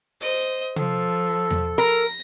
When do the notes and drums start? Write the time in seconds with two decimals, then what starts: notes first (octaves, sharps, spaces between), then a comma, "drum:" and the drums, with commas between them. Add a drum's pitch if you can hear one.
0.21 C5 D#5, drum: open hi-hat
0.76 F3 A4, drum: tom C3
1.51 drum: tom E2
1.78 A#4 A#6